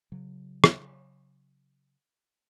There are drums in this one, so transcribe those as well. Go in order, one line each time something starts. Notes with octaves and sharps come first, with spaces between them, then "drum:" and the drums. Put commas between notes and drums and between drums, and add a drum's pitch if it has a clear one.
C#3 F#3
drum: rim click